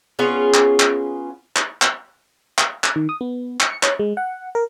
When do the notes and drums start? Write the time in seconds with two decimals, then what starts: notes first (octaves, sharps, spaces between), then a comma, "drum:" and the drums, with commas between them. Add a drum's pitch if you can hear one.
0.19 B3 C#4 F4 G#4
0.54 drum: clap
0.80 drum: clap
1.56 drum: clap
1.82 drum: clap
2.58 drum: clap
2.84 drum: clap
2.96 D#3
3.09 D#6
3.21 B3
3.60 C#7, drum: clap
3.83 C#5, drum: clap
3.99 G#3
4.17 F#5
4.55 A#4